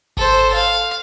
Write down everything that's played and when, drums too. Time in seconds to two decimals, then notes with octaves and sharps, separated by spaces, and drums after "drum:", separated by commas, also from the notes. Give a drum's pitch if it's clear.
0.17 A4 C5, drum: kick G#1
0.54 F5